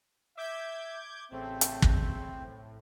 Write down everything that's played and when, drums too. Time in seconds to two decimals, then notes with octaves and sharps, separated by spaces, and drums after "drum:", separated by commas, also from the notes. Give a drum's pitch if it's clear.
0.37 E5 D6 G6 G#6
1.32 A1 C#3 A3 C4
1.61 drum: hi-hat
1.82 drum: kick
2.19 A2